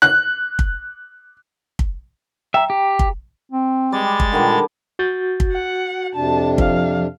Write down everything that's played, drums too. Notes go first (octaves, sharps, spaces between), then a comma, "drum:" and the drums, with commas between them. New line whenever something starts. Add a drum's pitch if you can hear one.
F#6
drum: kick
drum: kick
E5 G5 A#5
G4
drum: kick
C4
G3 G#3 A6
drum: kick
A#2 D3 D#3 G3
F#4 G6 A6
drum: kick
F#5
F2 C3 D4 A5
F3 F5, drum: kick